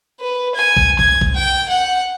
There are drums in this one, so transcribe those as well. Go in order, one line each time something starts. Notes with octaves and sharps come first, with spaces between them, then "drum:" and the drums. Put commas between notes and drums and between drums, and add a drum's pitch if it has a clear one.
B4
G#5
drum: kick
G#6, drum: kick
drum: kick
G5
F#5